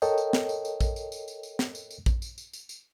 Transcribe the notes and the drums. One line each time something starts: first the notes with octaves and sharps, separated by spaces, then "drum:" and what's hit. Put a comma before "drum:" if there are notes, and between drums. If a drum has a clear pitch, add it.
A4 A#4 C#5 D#5 G5, drum: tambourine
drum: tambourine
drum: snare
drum: tambourine
drum: tambourine
drum: kick A#1, tambourine
drum: tambourine
drum: tambourine
drum: tambourine
drum: tambourine
drum: snare
drum: tambourine
drum: tambourine
drum: kick A#1, tambourine
drum: tambourine
drum: tambourine
drum: tambourine
drum: tambourine